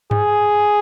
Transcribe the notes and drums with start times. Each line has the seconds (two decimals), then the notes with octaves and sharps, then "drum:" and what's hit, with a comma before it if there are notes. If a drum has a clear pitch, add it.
0.11 G#4, drum: tom G2